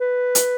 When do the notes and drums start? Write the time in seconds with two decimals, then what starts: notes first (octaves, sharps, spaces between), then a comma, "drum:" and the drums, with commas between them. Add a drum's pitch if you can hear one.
0.01 B4
0.35 drum: hi-hat